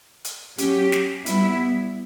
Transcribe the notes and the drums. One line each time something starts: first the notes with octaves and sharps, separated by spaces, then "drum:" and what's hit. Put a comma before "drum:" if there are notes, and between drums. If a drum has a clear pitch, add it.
drum: hi-hat
F#3 C#4 G4, drum: hi-hat
drum: snare
G3 B3 E4, drum: hi-hat